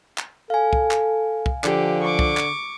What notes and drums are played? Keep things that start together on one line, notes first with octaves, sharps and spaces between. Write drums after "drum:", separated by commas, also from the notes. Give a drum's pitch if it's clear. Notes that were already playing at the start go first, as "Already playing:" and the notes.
drum: clap
A4 F5 G#5
drum: kick
drum: clap
drum: kick
D3 F3 G4, drum: clap
C#6 D6
drum: kick
drum: clap